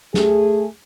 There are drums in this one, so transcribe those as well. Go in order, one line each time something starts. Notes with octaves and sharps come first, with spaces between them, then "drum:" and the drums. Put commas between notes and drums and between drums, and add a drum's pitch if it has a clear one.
A3 G#4, drum: snare